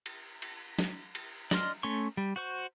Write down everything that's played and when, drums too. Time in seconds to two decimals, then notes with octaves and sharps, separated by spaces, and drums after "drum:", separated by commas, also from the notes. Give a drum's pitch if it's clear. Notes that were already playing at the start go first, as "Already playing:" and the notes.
0.06 drum: cymbal
0.42 drum: cymbal
0.79 drum: snare
1.15 drum: cymbal
1.51 D5 D#5 C6 F6, drum: snare
1.83 A3 C#4 C#5 C6 C#6
2.17 G3
2.36 F#4 C5 C#6